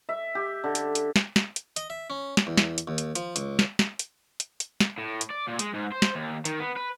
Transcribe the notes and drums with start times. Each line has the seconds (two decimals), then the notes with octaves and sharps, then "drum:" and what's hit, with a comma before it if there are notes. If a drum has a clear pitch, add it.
0.09 E5
0.35 G4
0.64 D3
0.75 drum: hi-hat
0.95 drum: hi-hat
1.16 drum: snare
1.36 drum: snare
1.56 drum: hi-hat
1.76 D#5, drum: hi-hat
1.90 E5
2.10 C#4
2.37 drum: snare
2.47 E2
2.58 drum: snare
2.78 drum: hi-hat
2.88 D#2
2.98 drum: hi-hat
3.15 F3, drum: hi-hat
3.36 C#2, drum: hi-hat
3.59 drum: snare
3.79 drum: snare
3.99 drum: hi-hat
4.40 drum: hi-hat
4.60 drum: hi-hat
4.80 drum: snare
4.98 A2
5.21 drum: hi-hat
5.30 D5
5.48 A#2
5.59 G#3, drum: hi-hat
5.74 G#2
5.92 C5
6.02 drum: snare
6.15 D#2
6.45 D#3, drum: hi-hat
6.60 B3
6.77 B4